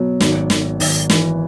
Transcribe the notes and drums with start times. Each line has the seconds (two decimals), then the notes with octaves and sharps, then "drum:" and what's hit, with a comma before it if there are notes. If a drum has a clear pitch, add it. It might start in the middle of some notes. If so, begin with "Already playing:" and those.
Already playing: B2 F#3
0.20 G#1, drum: snare
0.50 G#1, drum: snare
0.80 G#1, drum: open hi-hat
1.10 E3, drum: snare